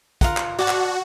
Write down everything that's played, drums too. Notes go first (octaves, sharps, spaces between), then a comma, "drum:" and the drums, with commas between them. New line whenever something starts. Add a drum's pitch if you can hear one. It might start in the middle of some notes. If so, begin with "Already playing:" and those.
F4 A#4 F#5, drum: kick, hi-hat
drum: clap
F#4 D5 F#5 A5
drum: clap